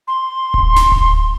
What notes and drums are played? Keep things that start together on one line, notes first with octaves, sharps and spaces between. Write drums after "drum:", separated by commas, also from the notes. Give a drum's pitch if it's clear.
C6
drum: kick D1
drum: snare D1
drum: kick D1